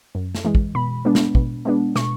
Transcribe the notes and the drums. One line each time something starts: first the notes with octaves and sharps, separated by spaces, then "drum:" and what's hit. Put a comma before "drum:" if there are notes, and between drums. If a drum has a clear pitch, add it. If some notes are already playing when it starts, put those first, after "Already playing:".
F#2
drum: snare
E3 G#3
drum: kick
B2 B5
G#3 B3 D4
drum: snare
B2, drum: kick
G#3 B3 D4
B2 C#6, drum: snare